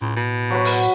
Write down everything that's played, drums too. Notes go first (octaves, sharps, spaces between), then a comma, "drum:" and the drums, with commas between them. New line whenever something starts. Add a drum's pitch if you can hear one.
C#2 A2
B2
F#3 F#4 B4
drum: open hi-hat